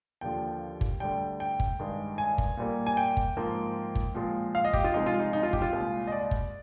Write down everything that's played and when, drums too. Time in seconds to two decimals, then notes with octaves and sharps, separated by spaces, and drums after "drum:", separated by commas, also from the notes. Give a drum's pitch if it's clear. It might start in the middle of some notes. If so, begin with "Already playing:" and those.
0.21 D#2 D3 F3 G5
0.81 drum: kick
1.00 D2 D3 G3 G5
1.40 G5
1.60 drum: kick
1.79 G2 D#3 G#3
2.18 G#5
2.38 drum: kick
2.57 A#2 G3 A#3
2.86 G#5
2.97 G5
3.17 drum: kick
3.37 G#2 F3 A#3
3.95 drum: kick
4.15 A#2 F3 G#3
4.55 F5
4.65 D#5
4.73 G4, drum: kick
4.84 F4
4.94 C2 C3 F3 G#3 D#4
5.06 F4
5.19 D#4
5.33 D#4
5.43 F4
5.53 G4, drum: kick
5.62 F4
5.73 C2 A#2 G#3
6.07 D#5
6.12 D5
6.31 drum: kick